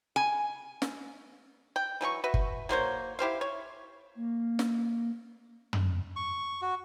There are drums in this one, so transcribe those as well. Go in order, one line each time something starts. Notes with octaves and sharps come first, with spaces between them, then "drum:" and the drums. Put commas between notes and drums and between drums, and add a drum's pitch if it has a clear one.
G#5
drum: snare
G5
E3 F#3 G4 C#6
F#4 B4 E5
drum: kick G1
F#3 A#3 C5 C#5
E4 G4 C5 F5
C#5
A#3
drum: snare
drum: tom
C#6
F#4